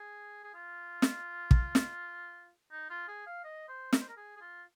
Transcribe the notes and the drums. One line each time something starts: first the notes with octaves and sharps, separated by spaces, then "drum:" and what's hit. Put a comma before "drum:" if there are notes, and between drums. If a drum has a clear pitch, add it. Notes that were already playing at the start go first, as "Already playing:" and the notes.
Already playing: G#4
G#4
F4
drum: snare
drum: kick
drum: snare
D#4
F4
G#4
F5
D#5
C5
A#4, drum: snare
C5
A#4
G#4
G#4
F4